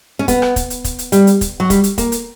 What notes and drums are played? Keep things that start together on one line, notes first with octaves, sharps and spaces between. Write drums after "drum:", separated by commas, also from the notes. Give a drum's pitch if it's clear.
C#4
B3, drum: kick, hi-hat
drum: rim click
drum: kick, hi-hat
drum: hi-hat
drum: kick, hi-hat
drum: hi-hat
G3, drum: hi-hat
drum: hi-hat
drum: kick, hi-hat
F#3
G3, drum: kick, hi-hat
drum: hi-hat
A#3, drum: kick, hi-hat
drum: hi-hat